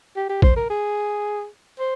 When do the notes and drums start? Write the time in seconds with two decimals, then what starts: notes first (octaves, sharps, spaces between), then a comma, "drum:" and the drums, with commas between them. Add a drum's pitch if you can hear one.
0.16 G4
0.29 G4
0.42 C5, drum: kick A#1
0.56 A#4
0.70 G#4
1.79 C5